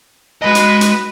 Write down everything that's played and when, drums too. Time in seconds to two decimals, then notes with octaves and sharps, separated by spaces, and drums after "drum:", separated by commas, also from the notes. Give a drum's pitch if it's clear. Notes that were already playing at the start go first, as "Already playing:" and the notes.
0.42 G#3 F#4 B4 D#5
0.55 drum: hi-hat
0.81 drum: hi-hat